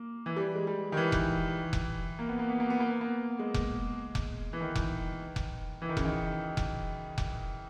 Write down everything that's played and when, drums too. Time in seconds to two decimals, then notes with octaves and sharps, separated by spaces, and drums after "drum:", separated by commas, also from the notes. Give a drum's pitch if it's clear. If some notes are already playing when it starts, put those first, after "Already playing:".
Already playing: A#3
0.26 E3
0.36 G3
0.55 G#3
0.67 G3
0.92 D#3
0.97 E3
1.12 drum: kick F1
1.73 drum: kick F1
2.19 A#3
2.29 B3
2.39 A#3
2.49 B3
2.60 A#3
2.70 B3
2.80 A#3
2.90 B3
3.01 A#3
3.39 G#3
3.54 drum: kick F1
4.15 drum: kick F1
4.53 E3
4.61 D#3
4.75 drum: kick F1
5.36 drum: kick F1
5.82 E3
5.89 D#3
5.97 C#3, drum: kick F1
6.05 D#3
6.57 drum: kick F1
7.18 drum: kick F1